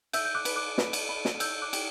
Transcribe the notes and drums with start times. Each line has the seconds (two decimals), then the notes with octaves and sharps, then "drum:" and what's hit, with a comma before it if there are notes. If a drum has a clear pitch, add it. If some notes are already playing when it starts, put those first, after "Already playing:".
0.13 E5 E6 G6, drum: cymbal
0.25 G6
0.35 D6 F#6
0.45 B4, drum: cymbal
0.56 D6 F#6
0.78 B4, drum: snare
0.93 drum: cymbal
1.09 B5
1.25 drum: snare
1.40 C#5 E6 G6, drum: cymbal
1.62 D6 F#6
1.73 G4, drum: cymbal